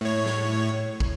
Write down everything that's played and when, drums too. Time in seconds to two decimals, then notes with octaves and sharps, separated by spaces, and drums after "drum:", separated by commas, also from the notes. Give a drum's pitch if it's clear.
0.01 A2 C#5
0.26 drum: snare
1.00 drum: kick